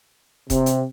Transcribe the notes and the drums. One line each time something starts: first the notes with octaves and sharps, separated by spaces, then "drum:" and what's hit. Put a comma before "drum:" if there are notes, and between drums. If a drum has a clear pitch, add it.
C3, drum: kick E1, hi-hat
drum: hi-hat